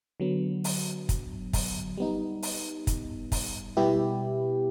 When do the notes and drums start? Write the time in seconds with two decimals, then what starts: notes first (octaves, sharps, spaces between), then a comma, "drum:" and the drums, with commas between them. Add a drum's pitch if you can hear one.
0.20 D3 F#3 B3
0.64 drum: open hi-hat
1.09 drum: kick, hi-hat
1.53 drum: kick, open hi-hat
1.98 G3 B3 D#4
2.43 drum: open hi-hat
2.87 drum: kick, hi-hat
3.32 drum: kick, open hi-hat
3.77 B2 G3 B3 E4 G4